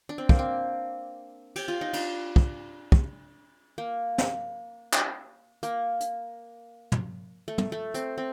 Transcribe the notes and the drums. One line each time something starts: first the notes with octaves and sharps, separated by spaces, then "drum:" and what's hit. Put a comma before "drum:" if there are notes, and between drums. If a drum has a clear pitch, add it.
D4
C4
A#3, drum: kick
C4
G4, drum: cymbal
F4
D#4
D4, drum: cymbal
drum: kick
drum: kick
A#3
drum: snare
drum: clap
A#3, drum: hi-hat
drum: hi-hat
drum: tom
A3
drum: tom
A3
C4, drum: hi-hat
C4